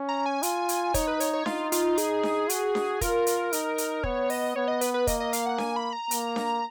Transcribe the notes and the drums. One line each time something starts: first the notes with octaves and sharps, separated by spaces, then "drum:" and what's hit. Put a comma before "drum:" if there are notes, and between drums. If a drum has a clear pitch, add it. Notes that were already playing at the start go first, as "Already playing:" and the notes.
Already playing: C#4
A#5
G#5
F4, drum: hi-hat
drum: hi-hat
D#4 C#5, drum: kick, hi-hat
B4
C#5, drum: hi-hat
C#5
D#4 F4, drum: snare D4
F4, drum: hi-hat
G#4, drum: hi-hat
drum: snare D4
F#4, drum: hi-hat
drum: snare D4
F4 A#4, drum: kick, hi-hat
drum: hi-hat
D#4, drum: hi-hat
drum: hi-hat
B3 C#5, drum: kick
D#5, drum: open hi-hat
B3 C#5
D#5
B4, drum: hi-hat
B4
A#3 D#5, drum: kick, hi-hat
D#5
F5, drum: hi-hat
F#5
G#5, drum: snare D4
B5
A#5
A#3, drum: hi-hat
drum: snare D4